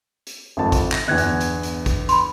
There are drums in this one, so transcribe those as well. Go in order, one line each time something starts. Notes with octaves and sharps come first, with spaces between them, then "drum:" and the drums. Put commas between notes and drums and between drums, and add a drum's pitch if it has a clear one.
drum: hi-hat
G#1 F2 A5
drum: kick, hi-hat
A#6, drum: clap
G1 E2 F#6 G#6
drum: hi-hat
drum: hi-hat
drum: hi-hat
drum: kick, hi-hat
B5 C6, drum: hi-hat